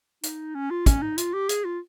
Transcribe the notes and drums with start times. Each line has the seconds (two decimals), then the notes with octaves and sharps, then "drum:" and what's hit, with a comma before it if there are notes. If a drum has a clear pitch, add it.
0.23 D#4, drum: hi-hat
0.55 C#4
0.70 F4
0.86 C#4, drum: kick, hi-hat
1.02 D#4
1.18 F4, drum: hi-hat
1.34 G4
1.49 G#4, drum: hi-hat
1.65 F4